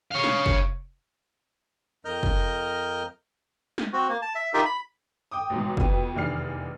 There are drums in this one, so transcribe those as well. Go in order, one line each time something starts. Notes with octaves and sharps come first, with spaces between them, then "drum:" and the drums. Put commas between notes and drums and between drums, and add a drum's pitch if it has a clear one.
C#5 F5
drum: snare
drum: kick
F2 A#4 D#5 F6 G6
drum: kick
drum: snare
C4 F#4
A#3
A5
E5
D#4 F4 G4 A#4 E5
B5
G5 D6 D#6
A1 G#2 B2
F2 B2 B3, drum: kick
F1 E2 D#3 D4 F6 C7